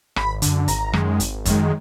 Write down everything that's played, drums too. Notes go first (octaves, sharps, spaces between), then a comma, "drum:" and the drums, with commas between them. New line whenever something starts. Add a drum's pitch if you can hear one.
G#1 B5, drum: rim click
F#2 D3, drum: hi-hat
G#1 A#5, drum: hi-hat
F#2 D#3 G#3, drum: rim click
G#1, drum: hi-hat
F#2 D#3 G#3, drum: kick, hi-hat